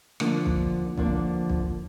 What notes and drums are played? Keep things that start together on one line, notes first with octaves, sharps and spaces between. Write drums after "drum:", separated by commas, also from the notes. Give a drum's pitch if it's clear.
D3 F3 A#3 D4, drum: rim click
drum: kick B1
D3 F3 A#3 D4, drum: kick B1
drum: kick B1